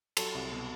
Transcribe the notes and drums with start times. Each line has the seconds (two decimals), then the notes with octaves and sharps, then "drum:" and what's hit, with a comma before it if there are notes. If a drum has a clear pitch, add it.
0.17 F#3 A4, drum: cymbal
0.34 C2
0.52 B2